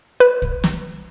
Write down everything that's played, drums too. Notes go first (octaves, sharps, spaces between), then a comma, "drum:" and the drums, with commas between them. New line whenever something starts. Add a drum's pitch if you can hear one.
B4
drum: kick
drum: snare